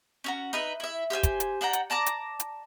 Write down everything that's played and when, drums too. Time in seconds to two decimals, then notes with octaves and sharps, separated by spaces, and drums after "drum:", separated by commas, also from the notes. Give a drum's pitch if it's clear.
0.24 C#4 F#4 A#5
0.53 D#4 B4 E5
0.80 E4 E5
1.10 G4 C5 E5 G#5
1.23 drum: kick, hi-hat
1.40 drum: hi-hat
1.61 D4 F#5 G5 A#5
1.73 drum: hi-hat
1.90 D5 A5 A#5 D6
2.06 drum: hi-hat
2.40 drum: hi-hat